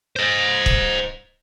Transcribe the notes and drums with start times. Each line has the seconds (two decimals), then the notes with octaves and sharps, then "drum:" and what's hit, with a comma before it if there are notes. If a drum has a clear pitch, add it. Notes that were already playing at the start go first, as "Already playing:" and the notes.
0.16 C5 D#5
0.66 drum: kick